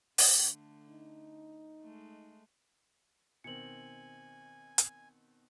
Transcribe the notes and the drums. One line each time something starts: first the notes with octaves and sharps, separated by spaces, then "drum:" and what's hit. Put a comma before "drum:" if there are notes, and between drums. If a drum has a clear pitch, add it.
D3 A3, drum: open hi-hat
D#4
G#3 A3
B2 D#3 C4 G#5 C#7 F#7
drum: hi-hat